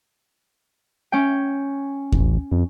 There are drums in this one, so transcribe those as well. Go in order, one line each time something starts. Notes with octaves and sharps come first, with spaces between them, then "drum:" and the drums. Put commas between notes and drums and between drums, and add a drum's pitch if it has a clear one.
C#4 G5
A1, drum: kick D#2
F2